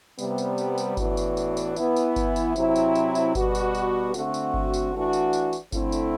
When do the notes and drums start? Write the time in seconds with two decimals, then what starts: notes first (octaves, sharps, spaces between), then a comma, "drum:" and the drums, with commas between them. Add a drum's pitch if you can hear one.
0.19 C3 G3 B3, drum: tambourine
0.38 drum: tambourine
0.58 drum: tambourine
0.78 drum: tambourine
0.97 A2 E3 B3 D4 F#4, drum: kick G1, tambourine
1.17 drum: tambourine
1.37 drum: tambourine
1.57 drum: tambourine
1.76 E3 B3 E4, drum: tambourine
1.96 drum: tambourine
2.16 drum: kick G1, tambourine
2.36 drum: tambourine
2.56 C3 F#3 C4 E4, drum: tambourine
2.76 drum: tambourine
2.95 drum: tambourine
3.15 drum: tambourine
3.35 B2 G3 B3 F#4, drum: kick G1, tambourine
3.55 drum: tambourine
3.75 drum: tambourine
4.14 D3 A3 C4 F#4, drum: tambourine
4.34 drum: tambourine
4.54 drum: kick G1
4.74 drum: tambourine
4.93 E3 A3 D4 F#4
5.13 drum: tambourine
5.33 drum: tambourine
5.53 drum: tambourine
5.72 D3 A3 C4 E4, drum: kick G1, tambourine
5.92 drum: tambourine